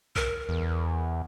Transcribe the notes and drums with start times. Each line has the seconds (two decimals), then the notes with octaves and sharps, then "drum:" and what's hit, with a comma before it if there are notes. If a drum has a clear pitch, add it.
0.16 A#4, drum: kick B1
0.49 E2